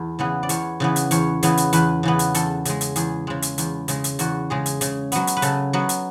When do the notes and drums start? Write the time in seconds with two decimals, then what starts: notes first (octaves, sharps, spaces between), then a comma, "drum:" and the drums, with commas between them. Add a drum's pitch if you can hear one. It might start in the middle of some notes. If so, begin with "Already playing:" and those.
Already playing: E2
0.19 C#3 E3 B3
0.43 D5
0.49 E2 C#5, drum: hi-hat
0.80 C#3 E3 B3
0.96 drum: hi-hat
1.11 E2 C#5, drum: hi-hat
1.43 C#3 E3 B3, drum: hi-hat
1.57 drum: hi-hat
1.73 E2 B4, drum: hi-hat
2.03 C#3 E3 B3
2.19 drum: hi-hat
2.34 E2 A4, drum: hi-hat
2.65 C#3 G#3, drum: hi-hat
2.81 drum: hi-hat
2.96 E2 G#4, drum: hi-hat
3.27 C#3 G#3
3.42 drum: hi-hat
3.58 E2, drum: hi-hat
3.88 C#3 G#3, drum: hi-hat
4.04 drum: hi-hat
4.19 E2 F#4, drum: hi-hat
4.50 C#3 G#3 G#4
4.66 drum: hi-hat
4.81 C#3, drum: hi-hat
5.12 F#3 B3, drum: hi-hat
5.27 drum: hi-hat
5.37 B4
5.42 C#3 A4, drum: hi-hat
5.73 F#3 B3
5.89 drum: hi-hat